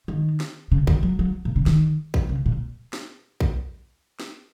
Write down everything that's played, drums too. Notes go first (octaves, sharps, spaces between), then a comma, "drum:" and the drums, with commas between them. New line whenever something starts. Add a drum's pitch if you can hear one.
D#3
drum: snare
C#3
D#3, drum: kick
F#3
F#3
A#2
C#3
D#3, drum: snare
drum: kick
C#3
A#2
drum: snare
drum: kick
drum: snare